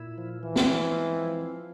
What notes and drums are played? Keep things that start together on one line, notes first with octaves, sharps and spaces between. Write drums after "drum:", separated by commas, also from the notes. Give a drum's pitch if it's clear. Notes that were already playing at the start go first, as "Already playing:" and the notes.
Already playing: A#2 E4
F3
E3 F3
drum: snare
G#3
C4
F3
F3